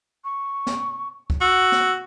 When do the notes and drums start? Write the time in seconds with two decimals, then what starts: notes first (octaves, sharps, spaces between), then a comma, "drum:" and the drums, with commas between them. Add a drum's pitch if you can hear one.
0.24 C#6
0.67 drum: snare
1.30 drum: kick C#2
1.41 F#4 E6
1.72 drum: snare